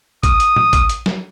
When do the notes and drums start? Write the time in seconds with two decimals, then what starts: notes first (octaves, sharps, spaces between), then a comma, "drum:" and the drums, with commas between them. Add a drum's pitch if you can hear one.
0.23 D#6, drum: kick, hi-hat
0.40 drum: hi-hat
0.56 drum: tom
0.73 drum: kick, hi-hat
0.89 drum: hi-hat
1.06 drum: snare